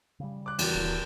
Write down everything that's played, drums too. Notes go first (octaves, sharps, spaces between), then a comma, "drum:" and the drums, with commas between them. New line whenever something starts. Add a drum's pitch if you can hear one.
C#3 G3
D6 F#6
E2 F#3, drum: cymbal
D1